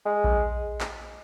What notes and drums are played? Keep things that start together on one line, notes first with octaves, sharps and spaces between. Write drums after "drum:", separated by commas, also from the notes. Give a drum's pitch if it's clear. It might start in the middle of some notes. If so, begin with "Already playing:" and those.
G#3
drum: kick A#1
drum: clap